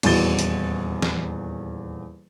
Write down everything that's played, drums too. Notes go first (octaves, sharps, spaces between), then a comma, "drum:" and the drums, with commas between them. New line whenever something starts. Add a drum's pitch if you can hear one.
D#1 E2 F#4 A6 G7, drum: cymbal
drum: hi-hat
drum: snare